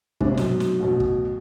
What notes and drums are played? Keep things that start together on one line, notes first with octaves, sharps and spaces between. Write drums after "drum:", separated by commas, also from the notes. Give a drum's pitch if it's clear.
G1 A2 C3 G#3 C#4 D4, drum: kick
F#2 B2 D#4, drum: snare
drum: snare
A1 F#2 B2 F#3
drum: kick